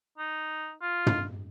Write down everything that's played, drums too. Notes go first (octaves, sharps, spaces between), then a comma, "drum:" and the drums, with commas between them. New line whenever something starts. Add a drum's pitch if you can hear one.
D#4
F4
drum: tom